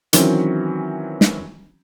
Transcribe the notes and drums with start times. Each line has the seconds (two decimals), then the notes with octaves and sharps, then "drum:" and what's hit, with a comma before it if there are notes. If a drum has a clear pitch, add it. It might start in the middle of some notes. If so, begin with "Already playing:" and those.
0.13 D#3 E3 F#3 C4 C#4, drum: hi-hat
1.21 drum: snare